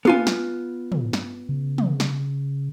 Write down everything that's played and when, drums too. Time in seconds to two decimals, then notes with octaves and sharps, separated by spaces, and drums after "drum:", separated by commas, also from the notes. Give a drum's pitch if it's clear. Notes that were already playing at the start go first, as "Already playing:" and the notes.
0.05 B3 F4 G#5, drum: tom
0.27 drum: snare
0.92 drum: tom
1.13 drum: snare
1.49 C#3
1.78 drum: tom
2.00 drum: snare